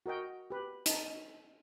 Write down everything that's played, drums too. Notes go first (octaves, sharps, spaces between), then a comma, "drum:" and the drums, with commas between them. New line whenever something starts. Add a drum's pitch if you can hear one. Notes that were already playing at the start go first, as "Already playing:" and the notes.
F#4 A#4 D#5 G5
G4 B4
D#4 A5, drum: hi-hat